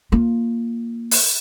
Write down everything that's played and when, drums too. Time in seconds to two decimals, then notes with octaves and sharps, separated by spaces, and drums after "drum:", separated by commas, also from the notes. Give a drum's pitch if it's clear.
0.12 A#3 F4
1.11 drum: open hi-hat